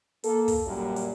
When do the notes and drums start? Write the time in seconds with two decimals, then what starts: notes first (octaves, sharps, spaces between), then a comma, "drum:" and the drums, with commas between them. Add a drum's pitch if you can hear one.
0.24 A#3 A4, drum: hi-hat
0.48 drum: kick, open hi-hat
0.65 F#2 A#2 G3
0.96 drum: hi-hat